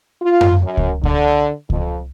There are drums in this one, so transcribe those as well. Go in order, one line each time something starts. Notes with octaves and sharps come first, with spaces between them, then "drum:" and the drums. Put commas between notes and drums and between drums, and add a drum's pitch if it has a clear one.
F4
drum: tom F#2
F#2
drum: kick C#2
D3, drum: kick C#2
F2, drum: kick C#2